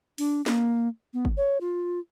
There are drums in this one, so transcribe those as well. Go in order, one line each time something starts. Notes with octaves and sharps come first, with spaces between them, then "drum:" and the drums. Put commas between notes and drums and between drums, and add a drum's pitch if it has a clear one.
D4, drum: open hi-hat
A#3, drum: snare
B3
drum: kick G1
C#5
F4